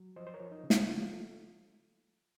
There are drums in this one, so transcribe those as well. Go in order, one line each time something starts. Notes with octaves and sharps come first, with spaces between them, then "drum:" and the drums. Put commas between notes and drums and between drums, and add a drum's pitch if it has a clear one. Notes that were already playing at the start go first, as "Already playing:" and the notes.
Already playing: F#3
F3 C5 D#5
C5
A#4 C#5
F3
D#4
C#3
F4, drum: snare
F3 F4
A3